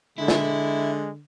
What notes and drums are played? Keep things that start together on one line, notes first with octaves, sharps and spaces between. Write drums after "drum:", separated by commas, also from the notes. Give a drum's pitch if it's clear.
D3 G#3 E4
drum: snare